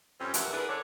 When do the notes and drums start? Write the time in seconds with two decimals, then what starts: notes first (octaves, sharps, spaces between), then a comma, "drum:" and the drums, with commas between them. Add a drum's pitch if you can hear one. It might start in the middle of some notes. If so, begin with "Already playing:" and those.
0.20 F2 G3 C4 C#4
0.34 G2 C3 E3 F#4 A#4 F#5, drum: hi-hat
0.53 D4 E4 G#4 A#4 B4
0.69 D3 D4 C#5